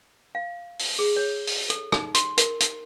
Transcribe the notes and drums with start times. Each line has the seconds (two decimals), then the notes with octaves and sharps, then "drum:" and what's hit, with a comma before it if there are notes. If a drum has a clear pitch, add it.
0.35 F5
0.79 drum: open hi-hat
0.99 G#4
1.16 C#5
1.47 drum: open hi-hat
1.70 A4, drum: hi-hat
1.92 D#4, drum: rim click
2.15 C6, drum: hi-hat
2.38 A#4, drum: hi-hat
2.60 drum: hi-hat